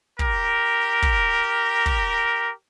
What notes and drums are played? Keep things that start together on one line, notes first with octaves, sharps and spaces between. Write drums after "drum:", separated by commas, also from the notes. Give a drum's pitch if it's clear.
G4 A#4, drum: kick
drum: kick
drum: kick